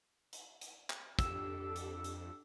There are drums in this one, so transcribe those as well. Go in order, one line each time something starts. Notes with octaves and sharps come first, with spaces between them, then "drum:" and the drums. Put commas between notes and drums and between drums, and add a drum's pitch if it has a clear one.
drum: hi-hat
drum: hi-hat
drum: clap
F2 D4 G4 A4 E6, drum: kick, hi-hat
drum: hi-hat
drum: hi-hat